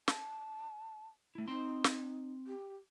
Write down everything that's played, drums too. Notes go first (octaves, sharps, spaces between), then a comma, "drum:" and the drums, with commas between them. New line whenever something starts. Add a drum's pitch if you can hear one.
A5, drum: snare
A3 E4
C4 D#4 C6
drum: snare
G4